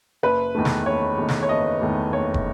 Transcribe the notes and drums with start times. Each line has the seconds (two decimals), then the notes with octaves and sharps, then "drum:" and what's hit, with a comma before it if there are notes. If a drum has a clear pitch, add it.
0.23 F#1 B4
0.55 E2 D#3 A3
0.65 drum: snare
0.86 F#1 C#5
1.18 E2 D#3 A3
1.28 drum: snare
1.43 C#5
1.49 F#1 D#5
1.82 E2 D#3 A3
2.12 F#1 C#5
2.34 drum: kick